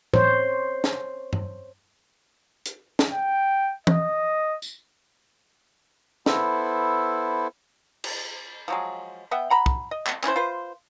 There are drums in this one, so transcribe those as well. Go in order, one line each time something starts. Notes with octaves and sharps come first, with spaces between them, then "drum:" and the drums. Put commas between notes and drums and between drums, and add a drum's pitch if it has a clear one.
C5 C#5, drum: tom A2
drum: snare
drum: tom G2
drum: hi-hat
drum: snare
G5
D#5, drum: tom
drum: tambourine
B3 E4 A4 C5, drum: snare
drum: cymbal
F3 F#3 G#3
B3 E5 F#5 G5
F#5 A#5 B5
drum: kick
D#5
drum: clap
C#4 E4 C5, drum: clap
F4 B4 C5